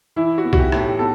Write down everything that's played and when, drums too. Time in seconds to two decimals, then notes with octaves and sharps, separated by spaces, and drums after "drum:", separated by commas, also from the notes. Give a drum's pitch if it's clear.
0.16 E3 E4
0.38 F#4
0.44 B3
0.53 F#4, drum: kick B1
0.59 G4
0.72 A2, drum: rim click
0.79 G4
0.99 B3 A4